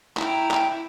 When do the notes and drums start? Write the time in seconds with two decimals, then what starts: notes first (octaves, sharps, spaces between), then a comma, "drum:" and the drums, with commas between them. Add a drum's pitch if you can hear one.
0.17 E4 G5 A#5, drum: clap
0.51 drum: clap